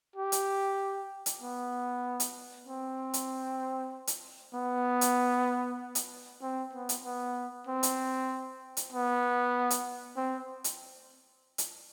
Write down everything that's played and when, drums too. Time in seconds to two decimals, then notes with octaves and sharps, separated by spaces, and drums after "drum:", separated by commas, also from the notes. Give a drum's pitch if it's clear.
0.16 G4
0.32 drum: hi-hat
1.26 drum: hi-hat
1.42 B3
2.20 drum: hi-hat
2.67 C4
3.14 drum: hi-hat
4.07 drum: hi-hat
4.54 B3
5.01 drum: hi-hat
5.95 drum: hi-hat
6.42 C4
6.73 B3
6.89 drum: hi-hat
7.04 B3
7.67 C4
7.83 drum: hi-hat
8.77 drum: hi-hat
8.93 B3
9.70 drum: hi-hat
10.17 C4
10.64 drum: hi-hat
11.58 drum: hi-hat